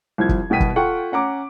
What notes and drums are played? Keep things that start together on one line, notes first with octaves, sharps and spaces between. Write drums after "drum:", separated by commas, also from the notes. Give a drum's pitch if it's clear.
C2 F3 G#6
drum: kick
C2 B2 B3 G5 B6 D#7
drum: kick
F4 A4 F#5 G5 C#6
C#4 F#5 A#5 D6